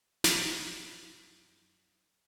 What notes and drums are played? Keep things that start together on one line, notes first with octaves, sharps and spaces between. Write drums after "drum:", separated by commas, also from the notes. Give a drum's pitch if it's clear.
F#2 C4 D4 C5 E5, drum: snare